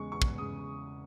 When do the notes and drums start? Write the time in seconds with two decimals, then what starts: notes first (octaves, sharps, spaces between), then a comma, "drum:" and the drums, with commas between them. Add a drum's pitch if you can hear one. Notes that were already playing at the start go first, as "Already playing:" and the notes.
Already playing: E2 C#3 G#3 C#6
0.12 E2 C#6
0.22 drum: kick
0.38 C#3 G#3 D#6